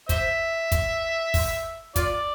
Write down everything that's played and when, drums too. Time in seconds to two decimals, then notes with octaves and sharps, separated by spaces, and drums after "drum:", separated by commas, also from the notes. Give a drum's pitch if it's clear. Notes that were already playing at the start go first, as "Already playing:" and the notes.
0.09 C5 E5, drum: kick, hi-hat
0.72 drum: kick, hi-hat
1.34 drum: kick, open hi-hat
1.96 F4 D5, drum: kick, hi-hat